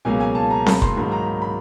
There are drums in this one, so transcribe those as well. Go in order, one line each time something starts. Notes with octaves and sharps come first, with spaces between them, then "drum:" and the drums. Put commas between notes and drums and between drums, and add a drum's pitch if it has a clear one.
C#2 B2 F#3 A#3 C#4 G#5
G#5
A5
A#5
B5, drum: snare C4
C6, drum: kick
G#2 D#3 F#3 A#3 B5
A#5
B5
B5